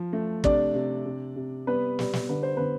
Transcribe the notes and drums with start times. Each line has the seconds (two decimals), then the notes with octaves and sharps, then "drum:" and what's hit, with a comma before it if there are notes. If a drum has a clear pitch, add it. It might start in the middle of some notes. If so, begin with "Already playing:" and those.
Already playing: F3
0.13 A3
0.44 C3 D4 D5, drum: kick
0.74 C3
1.06 C3
1.36 C3
1.67 G3 B3 B4
1.99 G3, drum: snare
2.13 drum: snare
2.29 D3 B4
2.43 C5
2.57 D3 B3 B4